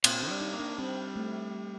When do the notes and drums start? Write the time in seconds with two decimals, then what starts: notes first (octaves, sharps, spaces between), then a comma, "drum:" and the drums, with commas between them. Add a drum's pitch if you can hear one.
0.04 A#2 C4, drum: cymbal
0.22 D4
0.29 G3
0.41 D#4
0.53 A#3
0.60 D4
0.78 G3 C4
1.16 A3